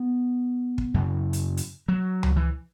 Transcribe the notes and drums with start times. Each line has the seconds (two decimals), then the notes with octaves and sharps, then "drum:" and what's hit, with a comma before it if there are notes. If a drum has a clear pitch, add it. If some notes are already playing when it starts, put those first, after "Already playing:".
Already playing: B3
0.78 drum: kick
0.94 F#2 C#3
1.33 drum: hi-hat
1.57 drum: hi-hat
1.88 F#3
2.23 drum: tom C#2
2.36 E3